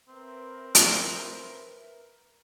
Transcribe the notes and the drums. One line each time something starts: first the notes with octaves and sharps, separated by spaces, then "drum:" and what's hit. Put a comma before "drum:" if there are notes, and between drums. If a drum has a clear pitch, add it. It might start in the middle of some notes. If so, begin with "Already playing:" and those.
C4 A#4 B4 E5
drum: hi-hat